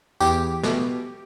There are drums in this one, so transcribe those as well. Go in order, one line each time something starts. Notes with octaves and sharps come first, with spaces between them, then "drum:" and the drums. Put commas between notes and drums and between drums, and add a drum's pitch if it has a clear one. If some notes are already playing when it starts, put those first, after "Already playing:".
E2 G4, drum: tambourine
B2, drum: snare